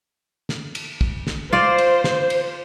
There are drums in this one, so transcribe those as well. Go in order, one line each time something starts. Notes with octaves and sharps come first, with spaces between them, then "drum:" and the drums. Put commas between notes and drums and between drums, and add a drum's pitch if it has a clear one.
drum: snare
drum: cymbal
drum: kick
drum: snare
F4 C5 D5
drum: cymbal
drum: snare
drum: cymbal